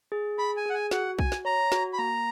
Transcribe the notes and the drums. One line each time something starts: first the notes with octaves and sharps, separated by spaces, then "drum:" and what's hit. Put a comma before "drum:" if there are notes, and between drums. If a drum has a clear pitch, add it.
G#4
G#4 B5
G#5
G#4 F#5
G#5
F#4 F#5, drum: snare
F#4 G#5, drum: kick B1
drum: snare
C#5 A#5
F#4, drum: snare
B5
A#3 A#5